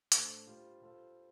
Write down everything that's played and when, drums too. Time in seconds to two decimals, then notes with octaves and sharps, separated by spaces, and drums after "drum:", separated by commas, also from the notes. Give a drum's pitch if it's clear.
0.12 A2 A3 D4 A4 C5, drum: hi-hat
0.47 G3 F4 C5
0.82 G3 F4 A4 C5